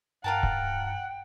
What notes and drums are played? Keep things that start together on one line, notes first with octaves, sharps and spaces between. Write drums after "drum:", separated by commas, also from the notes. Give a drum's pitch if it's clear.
G2 F4 A#4 F#5 G5 A5
drum: kick C#1